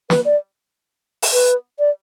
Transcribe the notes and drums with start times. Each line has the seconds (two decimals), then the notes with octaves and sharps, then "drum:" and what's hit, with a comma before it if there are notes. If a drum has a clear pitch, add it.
0.10 B4, drum: snare
0.25 D5
1.22 drum: open hi-hat
1.33 B4
1.79 D5